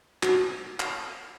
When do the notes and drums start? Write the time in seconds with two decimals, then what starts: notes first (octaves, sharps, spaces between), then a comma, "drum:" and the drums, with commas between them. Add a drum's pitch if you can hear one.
0.23 F#4, drum: clap
0.80 drum: clap